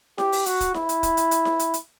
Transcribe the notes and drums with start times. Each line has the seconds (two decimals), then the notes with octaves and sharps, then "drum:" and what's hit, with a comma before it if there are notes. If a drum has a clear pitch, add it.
0.18 G4, drum: snare E4
0.32 drum: open hi-hat
0.46 F#4, drum: hi-hat
0.61 drum: kick, hi-hat
0.74 E4, drum: snare E4
0.89 drum: hi-hat
1.03 drum: kick, hi-hat
1.17 drum: hi-hat
1.31 drum: hi-hat
1.45 drum: snare E4
1.59 drum: hi-hat
1.74 drum: hi-hat